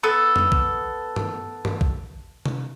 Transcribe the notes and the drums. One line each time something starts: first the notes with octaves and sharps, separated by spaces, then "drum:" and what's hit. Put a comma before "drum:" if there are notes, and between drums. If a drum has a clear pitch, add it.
B3 A4
drum: tom F2
drum: kick
drum: tom
drum: tom
drum: kick
drum: tom C3